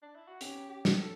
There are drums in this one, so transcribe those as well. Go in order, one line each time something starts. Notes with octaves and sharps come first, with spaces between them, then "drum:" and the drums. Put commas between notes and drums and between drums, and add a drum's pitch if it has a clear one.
D4
E4
F#4
C#4 G4, drum: hi-hat
G4
drum: snare
A4